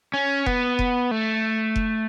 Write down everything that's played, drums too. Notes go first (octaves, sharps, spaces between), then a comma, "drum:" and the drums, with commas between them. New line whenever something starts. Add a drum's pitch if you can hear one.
C#4
B3, drum: kick F1
drum: kick F1
A3
drum: kick F1